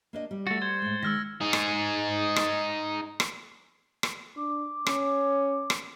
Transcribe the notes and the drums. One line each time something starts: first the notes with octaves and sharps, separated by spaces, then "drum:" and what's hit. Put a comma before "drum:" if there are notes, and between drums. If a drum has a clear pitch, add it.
A#3 D4 D#5
G3
A3 F#4 A6 C#7
C5 G#6
A2 G#3
D#3 G#3 E6 F6 A#6
D#4 G#4
drum: rim click
drum: rim click
drum: rim click
drum: rim click
D4 D6
C#4, drum: rim click
drum: rim click